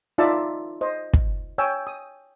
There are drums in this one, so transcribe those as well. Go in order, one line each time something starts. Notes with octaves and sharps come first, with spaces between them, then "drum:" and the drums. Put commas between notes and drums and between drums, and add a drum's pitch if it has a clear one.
D#4 F4 D5 E5 A5
C5 D#5
drum: kick
C#5 G5 G#5 E6
D#6